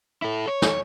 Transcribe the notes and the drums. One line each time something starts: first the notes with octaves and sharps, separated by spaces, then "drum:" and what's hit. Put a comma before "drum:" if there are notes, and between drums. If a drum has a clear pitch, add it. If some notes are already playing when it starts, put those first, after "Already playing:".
E4 A4
C#5
drum: snare